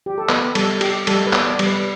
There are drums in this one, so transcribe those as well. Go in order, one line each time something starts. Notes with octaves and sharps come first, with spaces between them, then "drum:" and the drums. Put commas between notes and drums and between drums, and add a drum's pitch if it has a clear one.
G4
A4
B3 B4, drum: clap
G3 A4, drum: cymbal
G4, drum: cymbal
G3 A4, drum: cymbal
B4
B3, drum: clap
D5
G3, drum: cymbal
B4